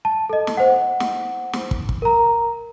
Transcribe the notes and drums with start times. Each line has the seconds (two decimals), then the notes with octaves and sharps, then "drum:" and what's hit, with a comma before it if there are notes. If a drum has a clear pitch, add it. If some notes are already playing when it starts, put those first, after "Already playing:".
0.05 A5
0.29 A4 D#5
0.47 drum: snare
0.57 C5 F#5
1.00 drum: snare
1.53 drum: snare
1.71 drum: kick
1.89 drum: kick
2.02 A#4 A#5